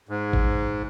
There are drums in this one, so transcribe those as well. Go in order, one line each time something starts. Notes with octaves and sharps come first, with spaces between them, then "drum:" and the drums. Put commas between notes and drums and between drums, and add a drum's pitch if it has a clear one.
G#2
drum: kick G#1